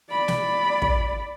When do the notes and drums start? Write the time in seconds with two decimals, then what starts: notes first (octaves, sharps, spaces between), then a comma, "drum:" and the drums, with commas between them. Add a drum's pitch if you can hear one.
0.10 D5 B5
0.28 drum: snare
0.82 drum: kick